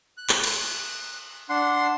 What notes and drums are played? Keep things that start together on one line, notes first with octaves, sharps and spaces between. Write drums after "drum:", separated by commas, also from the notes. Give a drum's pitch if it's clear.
F#6
drum: clap
drum: cymbal
D4 F#5 C6